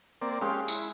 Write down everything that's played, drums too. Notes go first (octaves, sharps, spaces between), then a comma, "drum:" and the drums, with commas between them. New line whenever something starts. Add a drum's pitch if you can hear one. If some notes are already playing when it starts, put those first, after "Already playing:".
A#3 C4 D5
G#3 C#4 G4 F5
E4, drum: tambourine